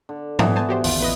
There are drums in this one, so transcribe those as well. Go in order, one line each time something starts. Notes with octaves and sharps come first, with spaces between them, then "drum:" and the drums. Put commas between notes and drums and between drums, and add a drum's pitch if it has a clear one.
D3
E3 F3 B3, drum: tom
C5 G#5 A5
F#4 G4 C5
G1 D#2 F4 D7, drum: open hi-hat
A1 E4 B4 D#5